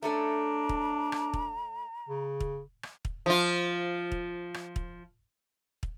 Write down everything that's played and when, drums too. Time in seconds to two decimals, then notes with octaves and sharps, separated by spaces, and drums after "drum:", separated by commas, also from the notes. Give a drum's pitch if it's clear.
0.03 A3 C#4 D4 A4 A#5
0.69 drum: kick
1.12 drum: rim click
1.34 drum: kick
2.09 C#3
2.40 drum: kick
2.83 drum: rim click
3.05 drum: kick
3.26 F3 F4
4.12 drum: kick
4.54 drum: rim click
4.76 drum: kick
5.83 drum: kick